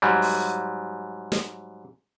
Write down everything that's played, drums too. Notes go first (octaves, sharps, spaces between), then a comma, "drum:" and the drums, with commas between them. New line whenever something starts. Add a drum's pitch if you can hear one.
G#2 F#3 G3
drum: open hi-hat
drum: snare